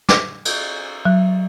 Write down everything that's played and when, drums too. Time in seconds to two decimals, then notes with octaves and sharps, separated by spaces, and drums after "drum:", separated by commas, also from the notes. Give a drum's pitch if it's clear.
0.09 D6, drum: snare
0.45 drum: cymbal
1.05 F#3